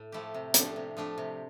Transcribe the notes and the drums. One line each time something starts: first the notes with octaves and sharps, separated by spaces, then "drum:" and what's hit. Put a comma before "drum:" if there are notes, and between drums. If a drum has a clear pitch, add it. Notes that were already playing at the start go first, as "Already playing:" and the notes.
Already playing: A2
F3 A3 E4 G4
C3
F3 A3 D4 G4, drum: hi-hat
C3
F3 A3 D4 G4
C3